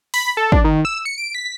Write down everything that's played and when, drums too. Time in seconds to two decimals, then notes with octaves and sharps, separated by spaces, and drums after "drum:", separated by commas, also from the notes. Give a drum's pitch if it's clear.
0.14 B5, drum: open hi-hat
0.37 A4
0.52 D4, drum: kick
0.64 D#3
0.85 E6
1.05 C#7
1.18 D7
1.35 B6